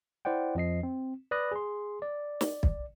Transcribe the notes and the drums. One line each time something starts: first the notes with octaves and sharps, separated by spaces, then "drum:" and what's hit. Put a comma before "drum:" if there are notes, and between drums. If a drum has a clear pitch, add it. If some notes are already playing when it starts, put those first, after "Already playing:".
E4 C5 D5 F#5 G5
F2 F3 D#5 C7
C4
B4 D5 B5 D#6 F#6 A#6
G#4 C6
D5
drum: snare
drum: kick